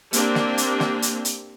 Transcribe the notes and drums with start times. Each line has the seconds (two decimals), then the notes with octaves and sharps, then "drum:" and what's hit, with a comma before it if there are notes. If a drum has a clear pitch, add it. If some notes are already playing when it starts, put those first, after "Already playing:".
0.13 A#3 C4 D4 G4, drum: hi-hat
0.35 drum: snare
0.58 drum: hi-hat
0.80 drum: snare
1.02 drum: hi-hat
1.25 drum: hi-hat